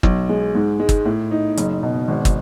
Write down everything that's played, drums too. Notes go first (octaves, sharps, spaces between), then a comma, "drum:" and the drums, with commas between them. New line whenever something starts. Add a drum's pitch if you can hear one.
B1, drum: kick
G#3
G#2
G#3
drum: kick, hi-hat
A2
D#4
F#1, drum: hi-hat
B2
G#1
drum: kick, hi-hat